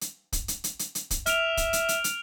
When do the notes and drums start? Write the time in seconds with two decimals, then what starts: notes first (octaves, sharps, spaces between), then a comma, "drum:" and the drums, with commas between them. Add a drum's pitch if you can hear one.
0.01 drum: hi-hat
0.33 drum: kick, hi-hat
0.48 drum: hi-hat
0.64 drum: hi-hat
0.79 drum: hi-hat
0.95 drum: hi-hat
1.11 drum: kick, hi-hat
1.26 E5 F6 D7 F7, drum: hi-hat
1.57 drum: kick, hi-hat
1.73 drum: hi-hat
1.89 drum: hi-hat
2.04 drum: hi-hat